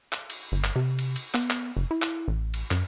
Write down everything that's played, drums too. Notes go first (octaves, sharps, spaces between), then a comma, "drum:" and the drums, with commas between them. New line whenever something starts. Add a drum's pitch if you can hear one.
drum: clap
drum: cymbal
G1
drum: clap
C3
drum: cymbal
drum: cymbal
B3, drum: clap
drum: clap
F#1
E4
drum: clap
A1
drum: cymbal
F#2, drum: clap